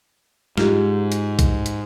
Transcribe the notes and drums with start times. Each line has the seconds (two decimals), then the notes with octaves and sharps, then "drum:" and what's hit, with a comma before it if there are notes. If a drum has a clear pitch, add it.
0.57 G#2 F4 G4, drum: snare
1.12 drum: hi-hat
1.39 drum: kick A#1, hi-hat
1.66 drum: hi-hat